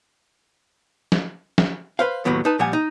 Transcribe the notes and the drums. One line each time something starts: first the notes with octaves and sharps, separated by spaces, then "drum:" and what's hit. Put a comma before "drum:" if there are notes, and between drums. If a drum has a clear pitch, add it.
drum: snare
drum: snare
B4 C5 F5
D#2 A2 D#3 F#3 B3
D#4 B4 A5
A#2 F3 G3 F#5 G#5
D#4